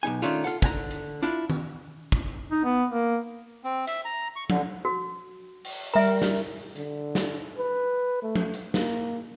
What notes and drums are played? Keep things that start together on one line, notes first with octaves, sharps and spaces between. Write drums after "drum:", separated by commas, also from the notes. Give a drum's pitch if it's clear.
B1 E2 D#4 G#5
D#3 A3 C#4 D4 F4
F4 A4 F#5, drum: hi-hat
D3 G#5 A#5, drum: kick
drum: hi-hat
D4 E4 F4
drum: tom D#3
drum: kick
D#4
B3
A#3
C4
E5, drum: hi-hat
A#5
C#6
D3, drum: tom F3
F#4
drum: open hi-hat
G3 A#4 E5 A#5
drum: snare
D3, drum: hi-hat
drum: snare
B4
A3
drum: tom F3
drum: hi-hat
A#3, drum: snare